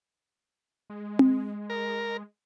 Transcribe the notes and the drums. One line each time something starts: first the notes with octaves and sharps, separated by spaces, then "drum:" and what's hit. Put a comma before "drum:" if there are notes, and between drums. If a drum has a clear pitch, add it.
G#3
drum: tom C4
A#4